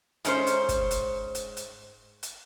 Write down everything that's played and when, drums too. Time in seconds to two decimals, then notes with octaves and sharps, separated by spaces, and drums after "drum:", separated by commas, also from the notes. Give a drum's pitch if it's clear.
0.25 G#2 C#4 C5, drum: hi-hat
0.47 drum: hi-hat
0.69 drum: kick, hi-hat
0.91 drum: hi-hat
1.35 drum: hi-hat
1.57 drum: hi-hat
2.23 drum: hi-hat